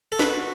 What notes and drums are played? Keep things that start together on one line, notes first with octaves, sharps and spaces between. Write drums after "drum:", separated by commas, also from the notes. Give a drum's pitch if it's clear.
A4
F#4 B4, drum: snare